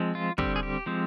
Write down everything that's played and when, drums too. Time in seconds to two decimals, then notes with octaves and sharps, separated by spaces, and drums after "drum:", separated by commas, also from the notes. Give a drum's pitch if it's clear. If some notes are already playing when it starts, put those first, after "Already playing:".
Already playing: F3 G#3 C4
0.15 F4
0.38 D3 G3 C4 G4, drum: kick
0.56 G#4
0.63 G4
0.86 F3 G#3 C4